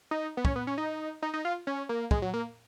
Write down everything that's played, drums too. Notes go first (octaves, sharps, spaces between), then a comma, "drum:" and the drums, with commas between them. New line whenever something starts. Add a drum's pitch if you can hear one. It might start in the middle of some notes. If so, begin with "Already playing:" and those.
D#4
B3
C#4, drum: kick
B3
C#4
D#4
D#4
D#4
F4
C#4
A#3
G#3, drum: kick
F#3
A#3